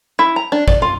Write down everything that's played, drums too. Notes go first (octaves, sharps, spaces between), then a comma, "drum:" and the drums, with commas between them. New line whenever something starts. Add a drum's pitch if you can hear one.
E4
A#5
D4
D5, drum: kick
F4